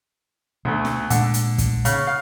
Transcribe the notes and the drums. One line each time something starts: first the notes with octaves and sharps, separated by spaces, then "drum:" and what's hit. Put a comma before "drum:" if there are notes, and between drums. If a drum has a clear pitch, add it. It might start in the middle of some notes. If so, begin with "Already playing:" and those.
D2 B2 A3
drum: snare
A#2 D3 G#3, drum: hi-hat
drum: hi-hat
drum: kick, hi-hat
C#3, drum: hi-hat
F5